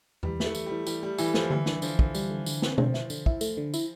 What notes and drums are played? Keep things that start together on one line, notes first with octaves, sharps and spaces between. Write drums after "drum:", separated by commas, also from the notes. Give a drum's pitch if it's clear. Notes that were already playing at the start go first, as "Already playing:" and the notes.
E3 G3, drum: tom E2
A3 E4, drum: snare
E3, drum: tambourine
E3 G3
E3 G3, drum: tambourine
G3 A3
E3 E4, drum: tambourine
F3 A3, drum: snare
E3 G3, drum: tom D3
D3, drum: snare
D3 F3, drum: tambourine
D3, drum: kick
G3, drum: tambourine
D3
D3, drum: tambourine
C4, drum: snare
D3 F3, drum: tom B2
E4, drum: snare
D3, drum: tambourine
E4, drum: kick
A3, drum: tambourine
D3
E4, drum: tambourine